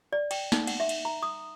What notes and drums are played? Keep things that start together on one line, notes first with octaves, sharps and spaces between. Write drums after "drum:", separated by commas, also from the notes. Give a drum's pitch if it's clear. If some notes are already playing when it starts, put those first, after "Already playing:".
D5
G5, drum: cymbal
D#4, drum: snare
F#5, drum: cymbal
E5
drum: cymbal
A#5
D#6